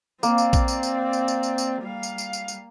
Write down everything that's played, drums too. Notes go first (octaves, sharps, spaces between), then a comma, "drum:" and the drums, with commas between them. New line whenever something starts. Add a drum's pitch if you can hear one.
A#3 C4 D5, drum: tambourine
drum: tambourine
drum: kick A#1, tambourine
drum: tambourine
drum: tambourine
drum: tambourine
drum: tambourine
drum: tambourine
drum: tambourine
G3 F5
drum: tambourine
drum: tambourine
drum: tambourine
drum: tambourine